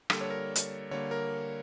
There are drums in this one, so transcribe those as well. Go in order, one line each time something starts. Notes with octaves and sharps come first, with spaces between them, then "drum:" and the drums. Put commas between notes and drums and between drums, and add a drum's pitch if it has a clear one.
D3 G3 A#3 A4, drum: rim click
C#5
A#4
drum: hi-hat
D3 G3 A#3 C#5
A#4